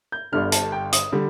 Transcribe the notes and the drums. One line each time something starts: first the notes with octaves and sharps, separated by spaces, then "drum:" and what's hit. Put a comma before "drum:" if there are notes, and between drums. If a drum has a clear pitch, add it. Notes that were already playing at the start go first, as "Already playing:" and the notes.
G6
G1 G2 D3 G3 F6
A5, drum: hi-hat
G5
D#6, drum: hi-hat
D3 G3